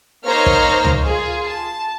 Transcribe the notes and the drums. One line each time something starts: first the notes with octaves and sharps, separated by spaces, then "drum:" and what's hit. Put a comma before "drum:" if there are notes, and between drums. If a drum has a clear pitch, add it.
A#3 D#4 C5 C#5 A#5 F6
drum: kick
drum: tom C#2
F4 G#4
A5